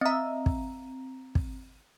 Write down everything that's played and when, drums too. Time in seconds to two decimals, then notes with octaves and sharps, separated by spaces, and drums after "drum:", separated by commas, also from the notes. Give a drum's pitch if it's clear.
0.01 C4 D#5 E5 A#5
0.46 drum: kick
1.35 drum: kick